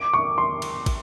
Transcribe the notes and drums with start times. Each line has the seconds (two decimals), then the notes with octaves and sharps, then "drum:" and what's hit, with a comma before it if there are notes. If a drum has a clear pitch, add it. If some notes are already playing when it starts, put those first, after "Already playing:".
Already playing: D6
0.13 C#6
0.38 C6
0.62 drum: cymbal
0.86 drum: kick, cymbal